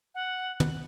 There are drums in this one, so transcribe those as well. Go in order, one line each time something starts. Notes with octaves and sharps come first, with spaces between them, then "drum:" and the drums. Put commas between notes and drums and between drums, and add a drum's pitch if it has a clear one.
F#5
drum: tom